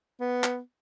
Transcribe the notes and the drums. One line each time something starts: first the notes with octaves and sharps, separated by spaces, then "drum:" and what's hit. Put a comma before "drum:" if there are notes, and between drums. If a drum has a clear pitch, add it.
B3
drum: clap